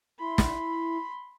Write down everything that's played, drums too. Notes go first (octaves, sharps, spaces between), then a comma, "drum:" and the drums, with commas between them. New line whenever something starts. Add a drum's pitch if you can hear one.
E4 B5 C6
drum: snare